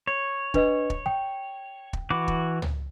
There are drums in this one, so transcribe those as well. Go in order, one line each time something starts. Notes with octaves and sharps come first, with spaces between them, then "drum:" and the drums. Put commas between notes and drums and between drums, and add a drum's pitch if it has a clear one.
C#5
D4 B4 D#5, drum: kick
drum: kick
G5
drum: kick
E3 F#4 D6
drum: kick
drum: tom